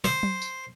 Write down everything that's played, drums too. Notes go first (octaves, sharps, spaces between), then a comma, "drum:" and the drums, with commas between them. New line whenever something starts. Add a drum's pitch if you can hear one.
C5, drum: snare
drum: tom F#3
drum: tambourine